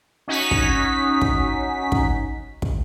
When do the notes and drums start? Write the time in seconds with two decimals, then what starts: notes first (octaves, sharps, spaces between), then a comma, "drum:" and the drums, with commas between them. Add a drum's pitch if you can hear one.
0.28 C#4 D#4 F#4 B6
0.51 drum: kick
1.21 drum: kick
1.92 drum: kick
2.62 drum: kick